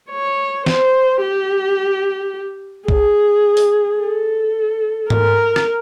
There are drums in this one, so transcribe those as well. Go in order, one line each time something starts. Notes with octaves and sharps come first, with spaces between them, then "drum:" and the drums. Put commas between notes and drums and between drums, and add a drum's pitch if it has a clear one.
C#5
C5, drum: snare
G4
G#4, drum: kick
drum: open hi-hat
A4
A#4, drum: tom G#2
drum: rim click